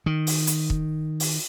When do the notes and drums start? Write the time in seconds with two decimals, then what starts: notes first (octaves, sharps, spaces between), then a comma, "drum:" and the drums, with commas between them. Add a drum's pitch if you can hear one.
0.06 D#3
0.27 drum: open hi-hat
0.47 drum: hi-hat
0.70 drum: kick
1.20 drum: open hi-hat